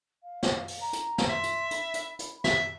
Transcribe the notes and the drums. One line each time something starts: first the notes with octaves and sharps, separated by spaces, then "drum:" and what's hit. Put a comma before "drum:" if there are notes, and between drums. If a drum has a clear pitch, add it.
F5
drum: snare
drum: open hi-hat
A#5
drum: hi-hat
drum: snare
E5 C6
drum: hi-hat
B5, drum: hi-hat
drum: hi-hat
drum: hi-hat
E5, drum: snare